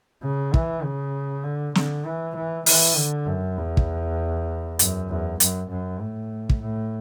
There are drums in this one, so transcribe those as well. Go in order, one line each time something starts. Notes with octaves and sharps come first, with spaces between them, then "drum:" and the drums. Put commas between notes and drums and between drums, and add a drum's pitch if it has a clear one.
C#3
E3, drum: kick
C#3
D3
D3, drum: snare
E3
E3
E3, drum: open hi-hat
D3
F#2
E2
drum: kick
F#2, drum: hi-hat
E2
F#2, drum: hi-hat
F#2
A2
drum: kick
A2